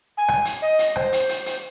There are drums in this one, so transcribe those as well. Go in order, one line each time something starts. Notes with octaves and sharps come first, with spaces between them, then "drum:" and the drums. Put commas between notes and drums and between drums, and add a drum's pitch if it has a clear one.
G#5
drum: rim click
drum: hi-hat
D#5
drum: hi-hat
C5, drum: rim click
drum: hi-hat
drum: hi-hat
drum: hi-hat